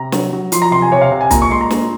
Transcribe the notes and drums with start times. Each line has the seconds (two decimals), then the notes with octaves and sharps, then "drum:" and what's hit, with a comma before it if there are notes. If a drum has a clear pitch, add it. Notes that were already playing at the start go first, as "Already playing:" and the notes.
Already playing: C3 A#5
0.12 F#3, drum: snare
0.33 F#3
0.52 F3 C6, drum: hi-hat
0.62 A#5
0.71 C3 C6
0.82 G#5
0.92 C3 C#5
1.01 F5
1.11 C3
1.21 G#5
1.31 A#2 A#5, drum: kick, hi-hat
1.42 C#6
1.50 G#3 C6
1.61 A#5
1.71 A#2, drum: snare